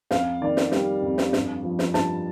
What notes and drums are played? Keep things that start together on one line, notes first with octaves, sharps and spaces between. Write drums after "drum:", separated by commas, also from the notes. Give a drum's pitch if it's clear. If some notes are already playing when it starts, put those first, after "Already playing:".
F2 F5, drum: snare
D#3 D5
drum: snare
G3, drum: snare
F2
drum: snare
G2, drum: snare
F3
drum: snare
G2 A5, drum: snare